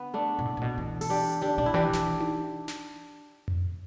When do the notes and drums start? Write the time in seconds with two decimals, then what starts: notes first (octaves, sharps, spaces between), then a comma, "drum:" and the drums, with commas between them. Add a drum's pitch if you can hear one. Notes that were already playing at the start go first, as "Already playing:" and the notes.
Already playing: D3 B3
0.14 A3 D4
0.39 B2
0.45 A2
0.57 A2
0.61 B2
0.78 E3
1.01 A4, drum: open hi-hat
1.10 D4 G4
1.42 D3 D4 G4
1.58 B2 D4
1.66 E4
1.74 E3 D4 G4
1.93 E3, drum: snare
2.21 drum: tom D#4
2.68 drum: snare
3.48 drum: tom F2